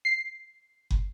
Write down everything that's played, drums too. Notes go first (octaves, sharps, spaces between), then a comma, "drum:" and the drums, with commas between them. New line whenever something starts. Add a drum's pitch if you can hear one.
C7
drum: kick